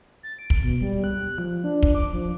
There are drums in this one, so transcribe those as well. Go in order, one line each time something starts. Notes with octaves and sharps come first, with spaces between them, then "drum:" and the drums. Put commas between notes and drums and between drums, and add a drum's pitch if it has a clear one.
A6
D7
drum: kick
B2
G3
F#6
F3
D4
drum: kick
D6
F3